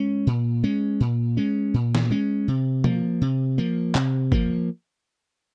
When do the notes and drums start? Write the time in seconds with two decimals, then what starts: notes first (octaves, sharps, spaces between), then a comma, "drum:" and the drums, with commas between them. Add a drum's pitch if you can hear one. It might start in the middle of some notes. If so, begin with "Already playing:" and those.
Already playing: G#3 C#4
0.27 A#2
0.64 G#3 C#4
1.00 A#2
1.37 G#3 C#4
1.74 A#2
1.95 drum: snare
2.11 G#3 C#4
2.48 C3
2.84 F3 A#3, drum: tom B2
3.21 C3
3.58 F3 A#3
3.95 C3, drum: clap
4.32 F3 A#3, drum: kick